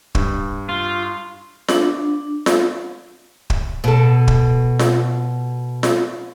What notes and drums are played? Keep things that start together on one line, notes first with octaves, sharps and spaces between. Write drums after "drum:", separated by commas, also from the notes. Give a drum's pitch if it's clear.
G2, drum: kick
F4
D4, drum: snare F4
drum: snare F4
drum: kick
B2 A4
drum: kick
drum: snare F4
drum: snare F4